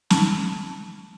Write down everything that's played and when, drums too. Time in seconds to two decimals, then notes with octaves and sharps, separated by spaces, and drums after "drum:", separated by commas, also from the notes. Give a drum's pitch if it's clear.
0.10 A5, drum: snare